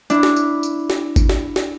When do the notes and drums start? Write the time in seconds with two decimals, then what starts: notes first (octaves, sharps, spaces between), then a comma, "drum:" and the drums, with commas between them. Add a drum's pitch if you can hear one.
0.10 D4 E4, drum: tambourine
0.23 drum: snare
0.36 drum: tambourine
0.63 drum: tambourine
0.90 drum: snare
1.16 drum: kick G#1, tambourine
1.29 drum: snare
1.56 drum: snare